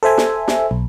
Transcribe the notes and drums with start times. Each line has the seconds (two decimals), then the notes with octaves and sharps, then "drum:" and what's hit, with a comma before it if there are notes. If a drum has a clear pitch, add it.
0.03 A4 C5 E5 G#5
0.18 drum: snare
0.48 drum: snare
0.71 B1